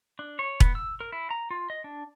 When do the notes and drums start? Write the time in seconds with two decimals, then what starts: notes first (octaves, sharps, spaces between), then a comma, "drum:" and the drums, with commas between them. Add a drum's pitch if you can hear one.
0.19 D4
0.39 C#5
0.60 B3, drum: kick E1
0.75 E6
1.00 A#4
1.12 E4
1.30 A#5
1.51 F4
1.70 D#5
1.84 D4